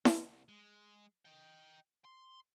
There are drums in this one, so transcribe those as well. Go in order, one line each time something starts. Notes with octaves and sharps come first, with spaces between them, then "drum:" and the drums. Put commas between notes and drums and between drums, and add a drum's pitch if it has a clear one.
C2, drum: snare E4
G#3
D#5 G5
C6